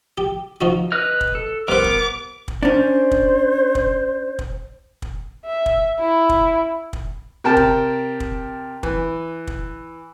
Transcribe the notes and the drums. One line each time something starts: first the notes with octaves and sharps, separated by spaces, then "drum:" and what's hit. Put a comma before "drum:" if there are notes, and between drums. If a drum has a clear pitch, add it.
G4
F3 D#4 F#4
B4 D#5 F6
drum: kick
A4
G2 B3 A#4 C5 D6
drum: kick
drum: kick
C#4 D4 C5
drum: kick
drum: kick
drum: kick
drum: kick
E5
drum: kick
E4
drum: kick
drum: kick
C3 A#4 G5 A5
drum: kick
drum: kick
E3, drum: kick
drum: kick